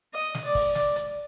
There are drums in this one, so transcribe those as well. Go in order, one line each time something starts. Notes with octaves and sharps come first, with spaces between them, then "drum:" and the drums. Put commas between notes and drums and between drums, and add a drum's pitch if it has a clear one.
D#5
drum: snare
D5
drum: kick, open hi-hat
D5, drum: snare
drum: hi-hat